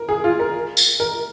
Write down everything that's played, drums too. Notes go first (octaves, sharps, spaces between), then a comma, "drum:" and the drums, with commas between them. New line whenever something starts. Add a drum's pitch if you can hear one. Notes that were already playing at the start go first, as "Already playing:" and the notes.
Already playing: A#4
G#4
F4
A#4
drum: tambourine
A#4